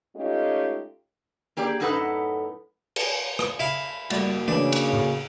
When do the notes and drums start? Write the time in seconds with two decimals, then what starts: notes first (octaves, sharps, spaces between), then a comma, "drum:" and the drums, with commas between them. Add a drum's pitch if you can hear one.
0.16 G#3 A3 C#4 D#4 F4 G4
1.57 A#3 G4 G#4 D5
1.80 F#2 A2 D#4 A4 B4 F#5
2.96 drum: cymbal
3.39 drum: rim click
3.60 E4 F5
4.10 G3 A3 A#3 F#4 A6, drum: cymbal
4.48 C#3 E3 A3 D4
4.72 drum: cymbal
4.93 A2